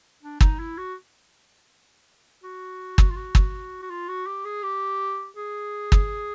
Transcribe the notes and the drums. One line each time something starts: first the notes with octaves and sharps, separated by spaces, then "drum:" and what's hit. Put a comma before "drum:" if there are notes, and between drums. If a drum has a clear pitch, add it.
D4
D#4, drum: kick
E4
F#4
F#4
drum: kick
F4
F#4
drum: kick
F#4
F4
F#4
G4
G#4
G4
G#4
drum: kick